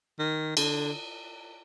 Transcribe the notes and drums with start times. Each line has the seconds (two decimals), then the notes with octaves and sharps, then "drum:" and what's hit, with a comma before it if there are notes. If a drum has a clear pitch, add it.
0.19 D#3
0.57 D3, drum: cymbal